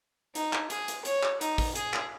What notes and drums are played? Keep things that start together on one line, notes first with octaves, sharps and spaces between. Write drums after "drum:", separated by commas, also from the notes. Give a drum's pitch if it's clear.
D#4, drum: hi-hat
drum: clap
G#4, drum: hi-hat
drum: hi-hat
C#5, drum: hi-hat
drum: clap
D#4, drum: hi-hat
drum: kick A1, open hi-hat
G#4, drum: hi-hat
drum: clap